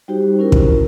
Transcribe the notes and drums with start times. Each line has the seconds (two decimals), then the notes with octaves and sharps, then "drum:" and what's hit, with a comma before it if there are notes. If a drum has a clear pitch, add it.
0.08 G3 D#4 F#4 G4 C5
0.39 C#4 E4 A#4
0.52 drum: kick